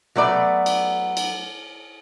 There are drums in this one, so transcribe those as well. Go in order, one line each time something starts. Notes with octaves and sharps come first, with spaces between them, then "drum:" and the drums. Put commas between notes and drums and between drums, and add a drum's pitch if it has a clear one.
F#3 A3 B3 D5
drum: cymbal
drum: cymbal